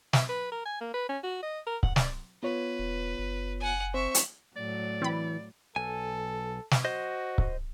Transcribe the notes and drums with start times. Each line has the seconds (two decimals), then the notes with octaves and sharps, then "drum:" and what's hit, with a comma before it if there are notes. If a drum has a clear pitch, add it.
0.13 E5, drum: snare
0.29 B4
0.52 A#4
0.66 G#5
0.81 A#3
0.94 B4
1.09 C#4
1.24 F#4
1.43 D#5
1.67 A#4
1.83 F#5, drum: kick C#1
1.96 D5, drum: snare
2.43 B3 F4 B4 C#5
2.79 E1
3.19 F#1
3.60 F#5 G#5
3.94 C4 C5 E5 C#6
4.15 drum: hi-hat
4.56 A2 F#3 D5
5.02 E3 C4 B5
5.76 B1 A4 G#5
6.71 drum: snare
6.85 F#4 C5 D#5
7.38 drum: kick C#1